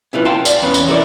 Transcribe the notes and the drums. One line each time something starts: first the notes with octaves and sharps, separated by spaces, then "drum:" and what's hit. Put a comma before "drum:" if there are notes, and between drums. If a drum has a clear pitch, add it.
C#4 E4 F4 B4
F5 G5 A5 C6
D5, drum: tambourine
E2 C#4 B4 B5
drum: tambourine
E4 F#4 A4 A#4 D5